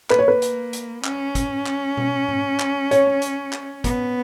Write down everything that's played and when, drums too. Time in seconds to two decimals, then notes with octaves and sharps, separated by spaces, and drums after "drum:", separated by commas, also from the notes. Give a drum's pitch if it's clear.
0.10 A#3 B4, drum: clap
0.19 C#5
0.28 B4
0.42 drum: hi-hat
0.73 drum: hi-hat
1.05 C#4, drum: clap
1.35 drum: kick, hi-hat
1.66 drum: clap
1.97 drum: tom B2
2.28 drum: tom G#2
2.60 drum: clap
2.91 C#5, drum: hi-hat
3.22 drum: hi-hat
3.53 drum: clap
3.84 B3, drum: kick, hi-hat